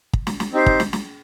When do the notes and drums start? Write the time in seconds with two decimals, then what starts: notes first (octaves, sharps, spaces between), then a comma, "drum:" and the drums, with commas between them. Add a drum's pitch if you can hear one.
0.13 drum: kick
0.27 drum: snare
0.40 drum: snare
0.53 C4 D#4 G4 C5
0.66 drum: kick
0.80 drum: snare
0.93 drum: snare